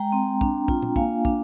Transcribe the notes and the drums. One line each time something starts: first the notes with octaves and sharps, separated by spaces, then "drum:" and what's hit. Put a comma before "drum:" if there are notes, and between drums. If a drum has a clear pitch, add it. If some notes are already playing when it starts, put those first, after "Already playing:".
Already playing: G#3 G5 A#5
C4
D4, drum: kick
F4, drum: kick
drum: tom A#2
A#3 F5 G#5, drum: kick
D4, drum: kick